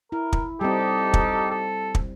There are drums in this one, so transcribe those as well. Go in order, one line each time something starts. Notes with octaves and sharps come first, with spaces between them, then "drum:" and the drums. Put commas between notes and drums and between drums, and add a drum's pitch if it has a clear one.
E4 A#4
drum: kick
G3 C4 D#4 G4 A4
drum: kick
A4
drum: kick